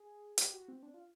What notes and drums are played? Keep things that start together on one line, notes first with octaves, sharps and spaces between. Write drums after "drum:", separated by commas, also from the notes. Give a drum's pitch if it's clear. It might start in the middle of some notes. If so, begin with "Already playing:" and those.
Already playing: G#4
G4, drum: hi-hat
F#4
C4
D4
F4